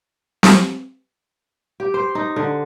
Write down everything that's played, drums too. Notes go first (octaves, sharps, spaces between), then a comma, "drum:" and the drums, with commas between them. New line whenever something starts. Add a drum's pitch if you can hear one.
drum: snare C4
G4
C5
D#4
D3